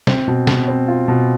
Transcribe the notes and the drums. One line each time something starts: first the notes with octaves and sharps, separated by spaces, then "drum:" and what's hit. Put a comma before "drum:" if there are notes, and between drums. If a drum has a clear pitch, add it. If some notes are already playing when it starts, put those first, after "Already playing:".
C4, drum: snare
B2
B2, drum: snare
C4
F4
B2